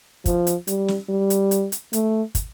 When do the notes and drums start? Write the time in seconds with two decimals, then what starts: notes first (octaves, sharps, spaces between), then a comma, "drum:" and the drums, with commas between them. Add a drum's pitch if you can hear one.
0.26 F3, drum: kick, hi-hat
0.47 drum: hi-hat
0.67 G3, drum: hi-hat
0.88 drum: snare
1.09 G3
1.30 drum: hi-hat
1.51 drum: hi-hat
1.72 drum: hi-hat
1.93 A3, drum: hi-hat
2.35 drum: kick, hi-hat